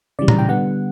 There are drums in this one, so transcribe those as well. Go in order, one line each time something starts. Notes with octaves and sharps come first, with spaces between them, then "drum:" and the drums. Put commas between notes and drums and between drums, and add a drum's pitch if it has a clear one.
C#3 E3 G3 D5
A#5, drum: tom A#2
G5
D3 G3 B3 F#5